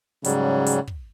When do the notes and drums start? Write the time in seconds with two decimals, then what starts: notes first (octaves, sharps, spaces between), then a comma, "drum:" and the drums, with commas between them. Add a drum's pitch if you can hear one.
0.24 G#2 C#3 F#3 G3, drum: hi-hat
0.66 drum: hi-hat
0.87 drum: kick